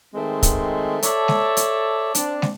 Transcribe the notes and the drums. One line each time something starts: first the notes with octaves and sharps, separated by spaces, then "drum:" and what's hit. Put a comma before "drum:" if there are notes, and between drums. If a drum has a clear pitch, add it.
D#3 G#3 A3 C4
drum: kick, hi-hat
A4 C#5 D5 E5 A5, drum: hi-hat
drum: snare
drum: hi-hat
C4 D4, drum: hi-hat
drum: snare